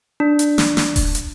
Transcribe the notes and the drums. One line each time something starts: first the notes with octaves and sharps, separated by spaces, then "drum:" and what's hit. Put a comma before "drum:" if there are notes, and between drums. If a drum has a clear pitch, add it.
D4
drum: hi-hat
drum: snare
drum: snare
drum: kick D#1, open hi-hat
drum: hi-hat